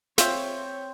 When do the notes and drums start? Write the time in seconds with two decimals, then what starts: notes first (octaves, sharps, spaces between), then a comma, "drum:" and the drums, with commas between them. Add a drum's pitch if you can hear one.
0.18 C4 F4 C#5 E5, drum: snare